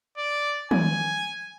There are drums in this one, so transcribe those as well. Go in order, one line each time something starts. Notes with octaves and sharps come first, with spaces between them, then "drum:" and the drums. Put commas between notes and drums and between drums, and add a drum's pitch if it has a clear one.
D5
G#5, drum: tom